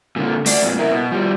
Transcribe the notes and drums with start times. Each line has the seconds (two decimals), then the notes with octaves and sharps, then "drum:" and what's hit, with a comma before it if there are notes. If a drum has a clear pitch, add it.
0.16 A#2 D3
0.46 A3 D5, drum: open hi-hat
0.62 F2 A#2
0.79 E4 A#4
0.91 B2
1.12 F3 G3